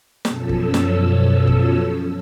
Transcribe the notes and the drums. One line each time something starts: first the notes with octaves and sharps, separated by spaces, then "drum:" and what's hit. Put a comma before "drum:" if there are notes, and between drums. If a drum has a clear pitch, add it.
F#2 B2 F3 C#4 A4 E6, drum: snare
drum: kick
drum: snare
drum: kick